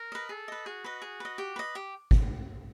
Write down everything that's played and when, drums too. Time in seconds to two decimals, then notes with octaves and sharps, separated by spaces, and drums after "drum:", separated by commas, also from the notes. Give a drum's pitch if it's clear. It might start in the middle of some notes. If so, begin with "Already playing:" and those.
Already playing: A#4
0.12 B4 D#5
0.29 G#4 A4
0.48 B4 D#5
0.66 F#4 G#4
0.84 B4 D#5
1.02 G#4
1.20 B4 D#5
1.38 G4
1.56 B4 D#5
1.75 G4
2.11 drum: kick